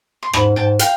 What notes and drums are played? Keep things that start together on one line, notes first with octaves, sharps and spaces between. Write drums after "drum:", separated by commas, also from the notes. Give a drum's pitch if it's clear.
C6
G#2 A5 B5, drum: rim click
G#2 G5 A5
F5 G5, drum: hi-hat